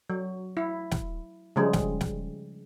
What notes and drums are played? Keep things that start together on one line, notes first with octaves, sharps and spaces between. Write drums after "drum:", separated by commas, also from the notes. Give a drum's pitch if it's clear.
F#3
E4
drum: snare
C#3 F3 G3 G#3
drum: snare
drum: snare